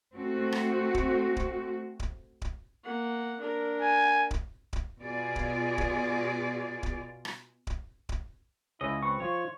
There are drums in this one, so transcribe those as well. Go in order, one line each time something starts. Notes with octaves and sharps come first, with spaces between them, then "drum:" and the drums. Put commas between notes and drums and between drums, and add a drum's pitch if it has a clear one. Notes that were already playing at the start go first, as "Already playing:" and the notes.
A3 C4 F#4
drum: rim click
drum: kick D1
drum: kick D1
drum: kick D1
drum: kick D1
A#3 F#5
D4 A#4
G#5
drum: kick D1
drum: kick D1
B2 F4 G#4 D5
drum: kick D1
drum: kick D1
drum: kick D1
drum: rim click
drum: kick D1
drum: kick D1
C#2 E4 G#4 C#5 D#5
C4 B4 C#6
F3 F4 C5 C#5